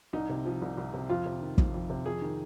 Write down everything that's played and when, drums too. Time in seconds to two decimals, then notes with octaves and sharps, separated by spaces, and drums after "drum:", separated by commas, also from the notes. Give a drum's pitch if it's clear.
0.13 C2 D#4
0.29 C3
0.46 F3
0.62 C2
0.77 C2
0.94 C3
1.09 F2 F4
1.25 C3
1.42 D#3
1.58 F2, drum: kick
1.74 F2
1.90 C3
2.06 F2 G#4
2.22 D#3